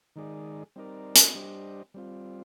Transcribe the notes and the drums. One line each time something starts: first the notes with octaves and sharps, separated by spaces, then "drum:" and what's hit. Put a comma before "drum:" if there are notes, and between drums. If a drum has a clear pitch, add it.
D#3 G#3 D#4 G#4 D5
G3 C4 D#4 A#4 D5
drum: hi-hat
G3 D4 G4 C5 D#5
G3 C4 F4